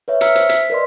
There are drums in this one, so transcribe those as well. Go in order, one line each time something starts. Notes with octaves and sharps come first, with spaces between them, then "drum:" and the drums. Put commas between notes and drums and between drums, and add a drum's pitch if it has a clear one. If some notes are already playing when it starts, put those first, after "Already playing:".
B4 C#5 E5
E5 A#5 E6 F6 B6 C#7, drum: hi-hat
C5, drum: hi-hat
B6, drum: hi-hat
A#4 B4 D5 D#5 C6